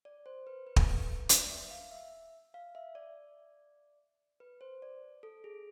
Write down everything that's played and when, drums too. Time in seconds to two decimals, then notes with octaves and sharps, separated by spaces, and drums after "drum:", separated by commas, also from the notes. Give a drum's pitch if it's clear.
0.05 D5
0.26 C5
0.47 B4
0.67 B4
0.76 A4, drum: kick
0.86 B4
0.98 B4
1.29 D5, drum: hi-hat
1.50 E5
1.71 F5
1.91 E5
2.54 F5
2.75 E5
2.95 D5
4.40 B4
4.61 C5
4.82 D5
5.23 A4
5.44 G#4